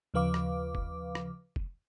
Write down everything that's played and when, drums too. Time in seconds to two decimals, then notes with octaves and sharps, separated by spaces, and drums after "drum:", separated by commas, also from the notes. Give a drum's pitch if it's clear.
0.14 D#2 C#3 F3 B4 F5 D6
0.34 drum: rim click
0.75 drum: kick F1
1.15 drum: rim click
1.56 drum: kick F1